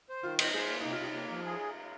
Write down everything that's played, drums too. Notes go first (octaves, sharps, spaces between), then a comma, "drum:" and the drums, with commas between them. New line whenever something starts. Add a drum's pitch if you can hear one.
C5
D#3 F4
D#4 C5, drum: cymbal
G#4 C5
A#3
D#4
C3
F4
C3 D#4
A#3
F3
G#4